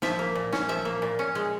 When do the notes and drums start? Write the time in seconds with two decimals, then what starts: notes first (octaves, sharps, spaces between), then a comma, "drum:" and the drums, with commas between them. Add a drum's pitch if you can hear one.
0.02 F3 E5, drum: snare
0.19 A#3
0.35 A#2
0.52 C#4, drum: snare
0.69 F3 E5
0.85 A#3
1.02 A#2
1.19 C#4
1.35 G#3